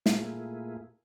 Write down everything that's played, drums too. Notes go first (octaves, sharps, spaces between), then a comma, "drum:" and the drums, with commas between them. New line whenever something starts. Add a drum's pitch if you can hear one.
A#2 A3 A#3 E4 F4 G#4, drum: snare